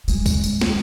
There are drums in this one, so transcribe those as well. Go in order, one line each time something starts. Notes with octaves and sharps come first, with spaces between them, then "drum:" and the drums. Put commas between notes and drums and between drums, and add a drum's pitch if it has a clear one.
G#3, drum: tambourine
drum: kick C#2, tambourine
drum: tambourine
drum: snare